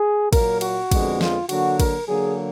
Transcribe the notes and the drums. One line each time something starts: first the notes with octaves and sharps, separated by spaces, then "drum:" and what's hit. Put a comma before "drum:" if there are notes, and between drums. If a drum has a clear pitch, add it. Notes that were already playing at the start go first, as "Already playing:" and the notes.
Already playing: G#4
A#2 F#3 A#3 A#4, drum: kick, cymbal
F#4, drum: cymbal
F2 D3 G#3 B3, drum: kick, cymbal
F4, drum: snare
D3 F#3 A#3 F#4, drum: cymbal
A#4, drum: kick, cymbal
D3 F#3 A#3 G#4